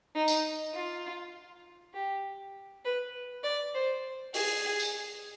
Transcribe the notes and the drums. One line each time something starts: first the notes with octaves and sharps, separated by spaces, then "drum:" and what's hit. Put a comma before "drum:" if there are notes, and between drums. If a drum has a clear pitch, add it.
D#4
drum: tambourine
F4
G4
B4
D5
C5
G#4, drum: open hi-hat
drum: tambourine